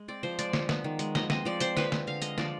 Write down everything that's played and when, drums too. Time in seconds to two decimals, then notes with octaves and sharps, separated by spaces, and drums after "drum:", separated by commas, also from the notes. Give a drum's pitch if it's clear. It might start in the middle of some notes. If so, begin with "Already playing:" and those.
Already playing: G#3
0.08 C4 D5
0.23 F3 C5
0.39 G#3 D5, drum: hi-hat
0.53 F3, drum: snare
0.69 B3, drum: snare
0.84 D#3
0.99 G#3, drum: hi-hat
1.15 F3 D#5, drum: snare
1.30 C4 D#5, drum: snare
1.45 F3 D5
1.60 C4 C5, drum: hi-hat
1.77 F3 B4, drum: snare
1.92 C4, drum: snare
2.07 D3 F5
2.22 G#3 D#5, drum: hi-hat
2.38 F3 D5, drum: snare